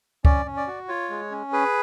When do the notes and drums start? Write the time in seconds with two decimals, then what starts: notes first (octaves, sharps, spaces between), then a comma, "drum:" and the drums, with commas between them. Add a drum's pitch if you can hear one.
0.25 C#4 D5, drum: kick C#2
0.46 C#4
0.57 D5
0.67 F#4
0.88 F4 C#5
1.10 G#3
1.31 C#4
1.53 G#4 B4